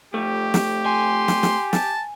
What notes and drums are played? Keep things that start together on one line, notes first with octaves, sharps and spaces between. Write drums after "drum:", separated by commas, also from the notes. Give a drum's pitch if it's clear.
F2 A3 G4
drum: snare
G#5 C6
drum: snare
drum: snare
A5, drum: snare